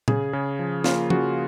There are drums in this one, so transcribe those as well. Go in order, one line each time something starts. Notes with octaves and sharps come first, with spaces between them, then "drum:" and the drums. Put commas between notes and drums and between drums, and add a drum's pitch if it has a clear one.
C#3 G#4, drum: tom
C#3
F3
A#3 F4, drum: snare
C#3 F#4, drum: tom F3